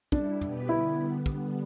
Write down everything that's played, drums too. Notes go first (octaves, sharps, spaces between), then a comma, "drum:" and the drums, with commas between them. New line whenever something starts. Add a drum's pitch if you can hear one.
G3 D4 E4 A4, drum: kick
B2 B3 G4 B4, drum: tom
D3 G3 B3 E4
drum: kick